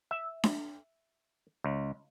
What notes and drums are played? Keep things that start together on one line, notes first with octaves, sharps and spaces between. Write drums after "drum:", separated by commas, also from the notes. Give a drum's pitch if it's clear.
E5
drum: snare D4
C#2